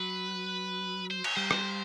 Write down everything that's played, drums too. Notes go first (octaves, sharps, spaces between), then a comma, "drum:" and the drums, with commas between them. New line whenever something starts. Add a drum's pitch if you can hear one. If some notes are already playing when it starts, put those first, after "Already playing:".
Already playing: F#3 B4
C5
C#5, drum: cymbal
G3 C5
drum: rim click